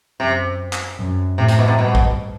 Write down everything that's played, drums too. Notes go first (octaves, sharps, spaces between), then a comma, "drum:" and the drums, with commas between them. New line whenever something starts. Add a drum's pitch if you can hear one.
F#2 C3
drum: clap
F#2
A2 C3
C3, drum: hi-hat
B2
C3
G2 B2
drum: kick A1